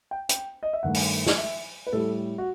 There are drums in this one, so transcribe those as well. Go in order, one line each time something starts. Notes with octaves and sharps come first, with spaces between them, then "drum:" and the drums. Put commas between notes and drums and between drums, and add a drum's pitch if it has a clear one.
G5
G5, drum: hi-hat
D#5
E5
G2 D#3 A3 F#5
drum: open hi-hat
drum: snare
E5
B4
A2 G3 A4
F#4